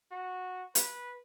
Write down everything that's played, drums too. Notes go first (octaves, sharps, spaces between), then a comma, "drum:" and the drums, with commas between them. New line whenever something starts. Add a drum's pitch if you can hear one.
F#4
B4, drum: hi-hat